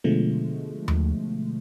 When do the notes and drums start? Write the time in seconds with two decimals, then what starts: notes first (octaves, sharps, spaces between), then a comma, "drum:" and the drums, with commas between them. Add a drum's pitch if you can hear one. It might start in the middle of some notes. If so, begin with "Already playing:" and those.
0.04 B2 D3 F3 G#3 A3
0.88 drum: tom D#2